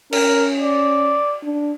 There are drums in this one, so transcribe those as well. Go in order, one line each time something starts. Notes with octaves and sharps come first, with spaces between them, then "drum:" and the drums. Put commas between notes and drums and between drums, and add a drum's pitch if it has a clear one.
C#4 A#4, drum: cymbal
D5
D4